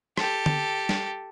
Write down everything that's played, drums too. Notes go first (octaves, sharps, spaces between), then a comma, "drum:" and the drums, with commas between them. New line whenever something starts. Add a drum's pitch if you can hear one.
G4 A4, drum: rim click
drum: tom D3
drum: snare